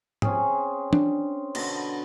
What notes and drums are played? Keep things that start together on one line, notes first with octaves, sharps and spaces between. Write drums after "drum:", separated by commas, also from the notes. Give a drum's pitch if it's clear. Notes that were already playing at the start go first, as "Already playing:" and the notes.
C4 C#4 G#4, drum: tom G#2
D4, drum: tom
B2 D3 B3, drum: cymbal